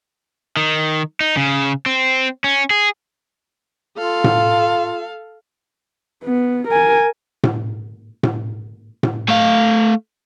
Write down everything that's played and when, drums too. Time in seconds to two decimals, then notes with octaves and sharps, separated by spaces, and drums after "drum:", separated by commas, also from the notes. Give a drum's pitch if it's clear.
0.57 D#3
1.21 D#4
1.37 C#3
1.86 C4
2.44 C#4
2.70 G#4
3.98 F4 A4 F5
4.24 drum: tom A2
6.24 B3
6.68 A#4 G#5
7.43 drum: tom A2
8.23 drum: tom A2
9.03 drum: tom A2
9.28 A3 F5